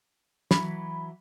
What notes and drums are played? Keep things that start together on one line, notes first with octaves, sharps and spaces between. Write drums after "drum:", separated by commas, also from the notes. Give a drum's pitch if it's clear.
E3 F#3 B5, drum: snare